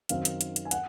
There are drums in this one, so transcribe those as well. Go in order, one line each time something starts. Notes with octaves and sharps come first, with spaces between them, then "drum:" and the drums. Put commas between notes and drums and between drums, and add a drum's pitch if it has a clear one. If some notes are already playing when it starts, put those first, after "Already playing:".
F#2 D#3 F#3 C4 D#4 F5, drum: hi-hat
drum: hi-hat
drum: hi-hat
drum: hi-hat
G#5
F#5, drum: hi-hat